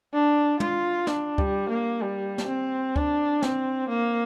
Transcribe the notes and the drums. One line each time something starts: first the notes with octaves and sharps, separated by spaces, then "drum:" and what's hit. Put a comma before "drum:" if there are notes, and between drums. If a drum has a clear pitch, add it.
D4
F4, drum: tom
D4, drum: snare
G3, drum: kick C#2
A#3
G3
drum: snare
C4
D4, drum: kick C#2
C4, drum: snare
A#3